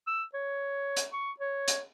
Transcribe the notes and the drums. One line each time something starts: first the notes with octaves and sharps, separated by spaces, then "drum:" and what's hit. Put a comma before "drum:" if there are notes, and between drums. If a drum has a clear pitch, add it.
E6
C#5
drum: hi-hat
C#6
C#5
drum: hi-hat